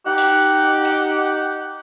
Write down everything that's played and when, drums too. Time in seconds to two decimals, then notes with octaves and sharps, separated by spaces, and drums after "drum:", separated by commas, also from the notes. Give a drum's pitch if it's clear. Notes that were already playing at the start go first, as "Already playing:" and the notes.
0.06 D#4 G4 F#5 D6
0.18 drum: open hi-hat
0.85 drum: tambourine